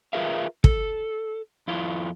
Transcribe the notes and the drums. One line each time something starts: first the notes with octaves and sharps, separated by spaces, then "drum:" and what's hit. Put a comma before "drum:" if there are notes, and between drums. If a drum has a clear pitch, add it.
F4 G#4 A#4 B4 E5 F5
A4, drum: kick
F2 E4 F4